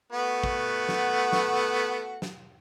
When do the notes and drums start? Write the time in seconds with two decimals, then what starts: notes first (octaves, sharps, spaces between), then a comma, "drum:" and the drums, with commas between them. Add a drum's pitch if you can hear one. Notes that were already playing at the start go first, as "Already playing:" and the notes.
0.12 A3 B3 F#4
0.44 drum: kick
0.89 drum: snare
1.33 drum: snare
2.22 drum: snare